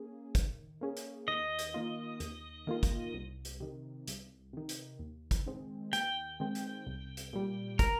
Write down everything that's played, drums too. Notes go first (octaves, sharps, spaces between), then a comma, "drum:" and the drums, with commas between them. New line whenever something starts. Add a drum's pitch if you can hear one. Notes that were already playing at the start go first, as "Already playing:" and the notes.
Already playing: A#3 C#4 G#4
D#3, drum: kick, hi-hat
A#3 C#4 G#4
drum: hi-hat
D#2 D#5
drum: hi-hat
D#3 A#3 F4
D#2, drum: hi-hat
D#3 A#3 F4
drum: kick, hi-hat
C2
drum: hi-hat
C3 D#3
C2, drum: hi-hat
C3 D#3
drum: hi-hat
D#2
drum: kick, hi-hat
D#3 G#3 C4
D#2 G5, drum: hi-hat
D#3 G#3 C4
drum: hi-hat
C2
drum: hi-hat
A#2 G3
A#4, drum: kick, hi-hat